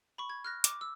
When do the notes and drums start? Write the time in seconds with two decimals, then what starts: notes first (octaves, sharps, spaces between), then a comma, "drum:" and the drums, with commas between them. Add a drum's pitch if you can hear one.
0.18 B5 C#6
0.30 G#6
0.45 F6 F#6 A#6
0.64 D6, drum: hi-hat
0.81 E6